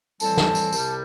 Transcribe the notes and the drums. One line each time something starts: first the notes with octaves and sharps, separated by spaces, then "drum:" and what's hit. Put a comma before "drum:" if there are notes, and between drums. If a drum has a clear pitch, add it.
A2 E3 G3 C4 A5, drum: tambourine
drum: snare
drum: tambourine
C2 C3 G3, drum: tambourine